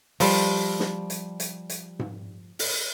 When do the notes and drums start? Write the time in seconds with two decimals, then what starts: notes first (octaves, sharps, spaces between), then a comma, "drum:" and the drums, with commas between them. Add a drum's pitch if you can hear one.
0.20 F3 G3, drum: open hi-hat
0.80 drum: snare
1.10 drum: hi-hat
1.40 drum: hi-hat
1.70 drum: hi-hat
1.99 drum: tom G#2
2.59 drum: open hi-hat